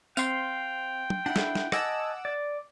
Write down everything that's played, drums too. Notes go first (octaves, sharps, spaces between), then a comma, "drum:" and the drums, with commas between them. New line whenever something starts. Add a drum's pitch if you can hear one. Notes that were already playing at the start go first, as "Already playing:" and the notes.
C4 F5 G5 C6, drum: tambourine
drum: tom
D4 E4 F#5
drum: snare
drum: snare
D#5 F#5 G#5 A5 D6 E6, drum: rim click
D5